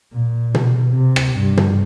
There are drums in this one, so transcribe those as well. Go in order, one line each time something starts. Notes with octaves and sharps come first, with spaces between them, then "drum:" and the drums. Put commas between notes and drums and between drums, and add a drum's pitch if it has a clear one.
A#2
B2, drum: tom
C3
drum: rim click
G2
drum: tom